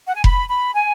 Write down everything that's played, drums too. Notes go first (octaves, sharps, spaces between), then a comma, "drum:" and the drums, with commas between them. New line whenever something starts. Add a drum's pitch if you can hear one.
F#5
G#5
B5, drum: kick F1
B5
G#5